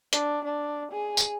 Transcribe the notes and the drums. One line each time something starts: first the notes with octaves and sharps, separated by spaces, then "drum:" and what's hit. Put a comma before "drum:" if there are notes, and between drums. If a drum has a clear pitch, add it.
D4, drum: hi-hat
D4
G#4
drum: tambourine